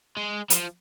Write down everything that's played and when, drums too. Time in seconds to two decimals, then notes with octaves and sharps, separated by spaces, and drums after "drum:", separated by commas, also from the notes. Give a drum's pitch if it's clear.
0.17 G#3
0.50 F3, drum: hi-hat